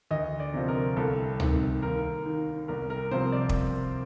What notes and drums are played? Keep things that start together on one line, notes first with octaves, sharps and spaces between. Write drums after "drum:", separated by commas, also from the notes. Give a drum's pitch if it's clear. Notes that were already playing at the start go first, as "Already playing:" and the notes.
D2 D#5
D5
C3 F3
A#4
C2 A4
C3 D#3, drum: tom C#2
D#2 A#4
D#3
C2 A#4
A#4
C3 F3 C5
D5
drum: kick